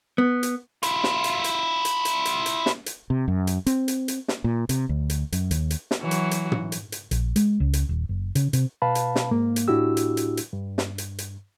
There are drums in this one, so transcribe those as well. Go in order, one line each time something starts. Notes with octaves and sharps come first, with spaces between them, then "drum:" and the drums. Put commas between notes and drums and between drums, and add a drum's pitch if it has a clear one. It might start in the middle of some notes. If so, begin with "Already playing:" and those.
B3
drum: hi-hat
E4 F4, drum: hi-hat
drum: snare
drum: hi-hat
drum: hi-hat
drum: hi-hat
drum: hi-hat
drum: hi-hat
drum: hi-hat
drum: snare
drum: hi-hat
C3
F#2
drum: hi-hat
C4, drum: hi-hat
drum: hi-hat
drum: hi-hat
drum: snare
A#2
C3, drum: hi-hat
D2
drum: hi-hat
F#2, drum: hi-hat
D#2, drum: hi-hat
drum: hi-hat
drum: snare
E3 F#3 F#4
drum: hi-hat
drum: hi-hat
drum: tom
drum: hi-hat
drum: hi-hat
A#1, drum: hi-hat
G#3, drum: hi-hat
C#2
drum: hi-hat
D#1
F#1
C#3, drum: hi-hat
C3, drum: hi-hat
B2 B4 F5 A5 B5
drum: hi-hat
drum: snare
G#2 A#3
drum: hi-hat
A2 D4 E4 F#4 G4 E6
drum: hi-hat
drum: hi-hat
drum: hi-hat
G2
drum: snare
drum: hi-hat
drum: hi-hat